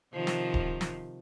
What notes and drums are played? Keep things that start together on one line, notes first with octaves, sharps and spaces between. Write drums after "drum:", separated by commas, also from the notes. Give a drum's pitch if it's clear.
C3 D#3 F3
drum: snare
drum: kick D1
drum: snare